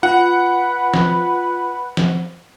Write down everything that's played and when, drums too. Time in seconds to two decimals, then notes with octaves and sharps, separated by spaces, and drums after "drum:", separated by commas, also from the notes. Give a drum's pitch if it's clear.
0.03 F4 B4 F#5
0.94 drum: snare
1.97 drum: snare